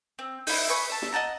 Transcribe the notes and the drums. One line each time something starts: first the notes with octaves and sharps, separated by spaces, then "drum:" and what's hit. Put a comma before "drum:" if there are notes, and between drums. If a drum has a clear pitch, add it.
C4
D#4 E4, drum: open hi-hat
G#4 B4 C#6
E5 A5
drum: snare
D#5 F#5 A5 A#5